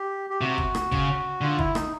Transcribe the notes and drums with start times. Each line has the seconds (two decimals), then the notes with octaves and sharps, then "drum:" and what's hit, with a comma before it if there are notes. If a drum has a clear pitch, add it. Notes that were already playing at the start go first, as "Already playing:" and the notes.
Already playing: G4
0.30 G4
0.41 C3 F#4
0.58 drum: kick
0.75 drum: rim click
0.92 C#3, drum: kick
1.41 D3 F4
1.59 E4, drum: kick
1.75 D#4, drum: rim click